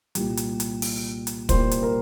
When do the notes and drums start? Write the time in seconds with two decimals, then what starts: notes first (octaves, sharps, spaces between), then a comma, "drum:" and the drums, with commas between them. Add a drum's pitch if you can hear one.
0.15 C2 A#2 G3 G4, drum: hi-hat
0.37 drum: hi-hat
0.60 drum: hi-hat
0.82 drum: open hi-hat
1.27 drum: hi-hat
1.49 C2 A#2 G3 A#3 C5, drum: kick, hi-hat
1.71 drum: hi-hat
1.83 A#4